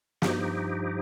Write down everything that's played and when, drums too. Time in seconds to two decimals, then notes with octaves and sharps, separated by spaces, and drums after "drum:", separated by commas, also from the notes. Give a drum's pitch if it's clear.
0.22 G2 F3 D#4 G4, drum: snare